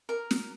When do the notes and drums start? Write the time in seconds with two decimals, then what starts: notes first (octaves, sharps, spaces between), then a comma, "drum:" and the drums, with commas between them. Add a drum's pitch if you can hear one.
0.09 A#4
0.31 drum: snare